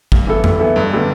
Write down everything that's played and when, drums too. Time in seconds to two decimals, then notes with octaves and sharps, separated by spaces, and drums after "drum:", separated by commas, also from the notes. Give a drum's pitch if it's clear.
0.12 G2, drum: kick G#1
0.27 E3 B3 E4 A4
0.44 G2, drum: tom F2
0.59 E3 B3 E4 A4
0.76 F#1 G2
0.93 D3 G3 B3